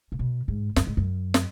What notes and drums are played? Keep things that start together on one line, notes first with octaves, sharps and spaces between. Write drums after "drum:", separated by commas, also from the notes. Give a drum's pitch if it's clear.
A#2
B2
G#2
F#2, drum: snare
G#2
F#2
drum: snare